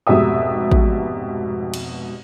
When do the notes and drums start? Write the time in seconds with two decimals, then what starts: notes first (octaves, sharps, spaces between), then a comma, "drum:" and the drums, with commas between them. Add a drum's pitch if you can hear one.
0.07 F1 G#2 B2 G4 E5 D#6
0.72 drum: kick A1
1.74 drum: cymbal